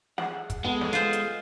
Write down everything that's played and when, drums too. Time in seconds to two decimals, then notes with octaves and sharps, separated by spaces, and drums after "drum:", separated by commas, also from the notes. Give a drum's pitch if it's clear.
0.18 G#4 E5 F#5, drum: snare
0.50 drum: kick, hi-hat
0.65 G#3 B3 A4 F#5
0.81 drum: snare
0.93 F4 C5
1.13 drum: hi-hat